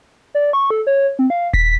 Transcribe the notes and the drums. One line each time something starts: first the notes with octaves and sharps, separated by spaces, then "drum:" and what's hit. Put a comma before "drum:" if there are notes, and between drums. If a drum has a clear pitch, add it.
D5
C#6
A4
C#5
C4
F5
B6, drum: kick D#1